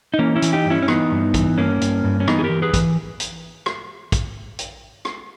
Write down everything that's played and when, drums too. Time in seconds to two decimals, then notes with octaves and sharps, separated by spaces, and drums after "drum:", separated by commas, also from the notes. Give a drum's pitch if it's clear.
0.14 D#4
0.19 E3 A#3 C#4
0.36 C#4 E4
0.42 E3, drum: hi-hat
0.53 D#4 G4
0.65 G2
0.70 C#4 E4
0.82 C#4
0.88 E3 B3 D#4, drum: rim click
1.11 G2
1.34 E3, drum: kick, hi-hat
1.58 G2 A#3 C#4
1.81 G2, drum: hi-hat
2.04 G2
2.20 C#4
2.28 E3 B3 D#4, drum: rim click
2.39 G#4
2.44 G4 A#4
2.50 E3
2.62 G#4 B4
2.74 E3, drum: kick, hi-hat
3.20 drum: hi-hat
3.66 drum: rim click
4.12 drum: kick, hi-hat
4.59 drum: hi-hat
5.05 drum: rim click